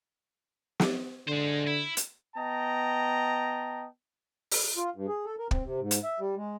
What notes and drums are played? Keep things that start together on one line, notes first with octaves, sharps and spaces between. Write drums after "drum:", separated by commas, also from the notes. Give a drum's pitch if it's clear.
drum: snare
D3 G#3 C5
E4
drum: hi-hat
B3 D#5 G5 A5 A#5
drum: open hi-hat
F4
G2
G#4
A4
A#4
C4, drum: kick
C3
G#2
drum: hi-hat
E5
G3
G#3